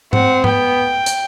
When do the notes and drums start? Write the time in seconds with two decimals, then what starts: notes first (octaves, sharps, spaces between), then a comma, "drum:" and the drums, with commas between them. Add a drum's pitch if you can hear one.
0.13 C4 F#5, drum: tom G#2
0.44 B3 G5, drum: tom G#2
1.06 drum: hi-hat